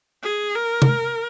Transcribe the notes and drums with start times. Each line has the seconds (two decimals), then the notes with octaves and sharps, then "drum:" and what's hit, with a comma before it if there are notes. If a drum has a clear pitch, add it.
0.23 G#4
0.56 A#4
0.82 drum: tom C3